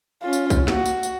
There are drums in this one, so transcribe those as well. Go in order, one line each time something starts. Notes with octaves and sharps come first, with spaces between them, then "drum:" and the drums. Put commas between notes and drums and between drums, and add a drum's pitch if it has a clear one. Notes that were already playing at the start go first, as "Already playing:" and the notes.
C#4 F4
drum: tambourine
drum: kick C2, tambourine
F#4, drum: snare
drum: tambourine
drum: tambourine